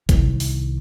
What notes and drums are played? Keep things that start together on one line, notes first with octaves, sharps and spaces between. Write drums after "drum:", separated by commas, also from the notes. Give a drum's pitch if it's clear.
C2 D#3, drum: kick G#1, hi-hat
drum: open hi-hat